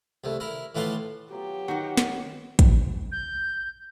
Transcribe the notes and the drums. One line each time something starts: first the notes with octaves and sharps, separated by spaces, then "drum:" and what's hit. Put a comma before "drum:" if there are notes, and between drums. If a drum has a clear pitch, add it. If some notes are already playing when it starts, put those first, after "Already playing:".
C2 A3
E4 A#4
A2 E3 F4 F#5 A5 C6
F#3 B3 F4 G4
D#3 F#4 A#4 F#5
drum: snare
drum: kick, hi-hat
G6